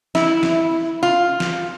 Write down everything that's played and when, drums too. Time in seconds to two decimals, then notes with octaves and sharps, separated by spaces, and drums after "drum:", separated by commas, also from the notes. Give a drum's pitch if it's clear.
0.15 E4, drum: snare
0.43 drum: snare
1.03 F4
1.40 drum: snare